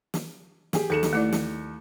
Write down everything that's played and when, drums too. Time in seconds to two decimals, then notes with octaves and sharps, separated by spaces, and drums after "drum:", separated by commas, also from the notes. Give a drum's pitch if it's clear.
0.14 drum: snare
0.73 G4 G#4, drum: snare
0.90 D#2 A4 C#7 E7
1.03 drum: snare
1.13 A3 E4 D5
1.32 drum: snare